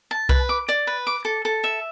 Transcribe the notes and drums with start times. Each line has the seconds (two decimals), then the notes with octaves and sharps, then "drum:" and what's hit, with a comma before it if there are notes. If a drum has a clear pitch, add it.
0.11 A5
0.29 B4, drum: kick C2
0.49 D6
0.69 D5
0.87 B4
1.07 D6
1.25 A4
1.45 A4
1.64 E5